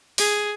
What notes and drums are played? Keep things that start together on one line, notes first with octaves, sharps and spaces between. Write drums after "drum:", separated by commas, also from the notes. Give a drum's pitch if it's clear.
G#4, drum: open hi-hat